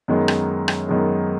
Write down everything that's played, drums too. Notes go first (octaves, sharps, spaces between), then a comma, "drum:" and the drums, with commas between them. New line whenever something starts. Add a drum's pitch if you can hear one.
F#2 D#3 G#3 B3
drum: rim click
drum: rim click
F#2 D#3 G#3 B3